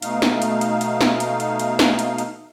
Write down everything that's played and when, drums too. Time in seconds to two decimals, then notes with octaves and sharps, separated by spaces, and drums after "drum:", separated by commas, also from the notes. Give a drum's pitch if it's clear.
0.02 B2 A3 D#4 F5, drum: hi-hat
0.22 drum: snare
0.42 drum: hi-hat
0.61 drum: hi-hat
0.81 drum: hi-hat
1.01 drum: snare
1.20 drum: hi-hat
1.40 drum: hi-hat
1.59 drum: hi-hat
1.79 drum: snare
1.99 drum: hi-hat
2.18 drum: hi-hat